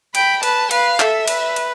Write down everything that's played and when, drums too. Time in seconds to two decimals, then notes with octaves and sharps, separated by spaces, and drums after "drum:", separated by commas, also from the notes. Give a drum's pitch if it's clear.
0.15 G5 B5, drum: cymbal
0.43 B4 A5, drum: cymbal
0.71 B4 F5, drum: cymbal
1.00 A4 E5, drum: clap
1.28 B4, drum: cymbal
1.56 drum: cymbal